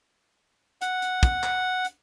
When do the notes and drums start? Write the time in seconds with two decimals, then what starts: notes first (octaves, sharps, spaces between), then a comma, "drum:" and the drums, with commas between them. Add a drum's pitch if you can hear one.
0.82 F#5, drum: hi-hat
1.02 drum: hi-hat
1.23 drum: kick, hi-hat
1.43 drum: clap
1.85 drum: hi-hat